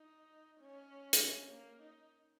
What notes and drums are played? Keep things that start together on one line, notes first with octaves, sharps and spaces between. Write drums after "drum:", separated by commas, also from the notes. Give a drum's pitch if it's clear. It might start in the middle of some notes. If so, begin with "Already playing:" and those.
Already playing: D#4
C#4
drum: hi-hat
A#3
D#4